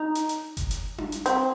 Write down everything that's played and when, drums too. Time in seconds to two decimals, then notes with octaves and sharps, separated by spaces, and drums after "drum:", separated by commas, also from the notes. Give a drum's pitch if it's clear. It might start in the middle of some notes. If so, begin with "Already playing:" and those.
Already playing: D#4
0.15 drum: hi-hat
0.29 drum: hi-hat
0.57 drum: kick F#1, hi-hat
0.71 drum: hi-hat
0.98 drum: tom D4
1.12 drum: hi-hat
1.26 C4, drum: hi-hat